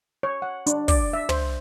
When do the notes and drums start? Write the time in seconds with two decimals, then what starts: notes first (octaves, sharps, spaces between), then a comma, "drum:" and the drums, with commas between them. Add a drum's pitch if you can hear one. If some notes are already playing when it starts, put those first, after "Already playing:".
0.23 C#5
0.42 F#5
0.67 D4, drum: hi-hat
0.88 D5, drum: kick, open hi-hat
1.13 E5
1.29 C5, drum: tom